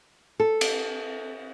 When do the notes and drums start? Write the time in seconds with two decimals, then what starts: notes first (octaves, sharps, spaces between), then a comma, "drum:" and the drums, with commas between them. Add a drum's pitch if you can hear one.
0.40 A4
0.61 drum: cymbal